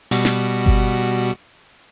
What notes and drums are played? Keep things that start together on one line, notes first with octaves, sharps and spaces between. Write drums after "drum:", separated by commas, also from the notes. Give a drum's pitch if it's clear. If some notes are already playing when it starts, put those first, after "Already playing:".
B2 G3 F#4, drum: open hi-hat
drum: snare
drum: kick G1